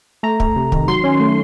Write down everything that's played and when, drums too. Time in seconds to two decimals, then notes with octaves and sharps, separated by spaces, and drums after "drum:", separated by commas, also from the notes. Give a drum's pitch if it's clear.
0.23 A3 A#5
0.40 A3, drum: kick
0.56 C3
0.72 D#3, drum: kick
0.88 F#3 C6
1.04 C#4
1.20 A3